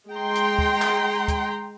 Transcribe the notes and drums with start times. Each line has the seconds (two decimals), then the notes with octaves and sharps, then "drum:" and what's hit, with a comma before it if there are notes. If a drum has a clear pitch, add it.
0.12 G#3 G5 A#5 C6
0.35 drum: hi-hat
0.59 drum: kick
0.82 drum: clap
1.28 drum: kick, hi-hat